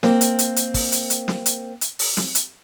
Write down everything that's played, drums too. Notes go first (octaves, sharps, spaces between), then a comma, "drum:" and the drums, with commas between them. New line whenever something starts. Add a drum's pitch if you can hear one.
A#3 C4, drum: snare
drum: hi-hat
drum: hi-hat
drum: hi-hat
drum: kick, open hi-hat
drum: hi-hat
drum: hi-hat
drum: snare
drum: hi-hat
drum: hi-hat
drum: open hi-hat
drum: snare
drum: hi-hat